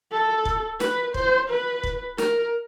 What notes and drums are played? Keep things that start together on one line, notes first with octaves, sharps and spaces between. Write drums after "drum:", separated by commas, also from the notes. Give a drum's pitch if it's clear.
A4
drum: kick
B4, drum: snare
C5, drum: kick
B4
drum: kick
A#4, drum: snare